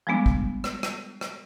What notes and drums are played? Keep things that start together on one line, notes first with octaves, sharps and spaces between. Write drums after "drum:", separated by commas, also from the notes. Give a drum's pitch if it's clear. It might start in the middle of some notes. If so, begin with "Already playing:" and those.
F3 G3 G#3 B3 D4
drum: kick
drum: rim click
drum: rim click
drum: rim click